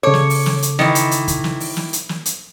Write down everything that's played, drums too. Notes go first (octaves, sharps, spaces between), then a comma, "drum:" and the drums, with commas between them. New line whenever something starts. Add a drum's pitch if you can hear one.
C#3 A4 C#5 D6
drum: snare
drum: open hi-hat
drum: snare
drum: hi-hat
D#3 E3, drum: snare
drum: hi-hat
drum: hi-hat
drum: kick, hi-hat
drum: snare
drum: open hi-hat
drum: snare
drum: hi-hat
drum: snare
drum: hi-hat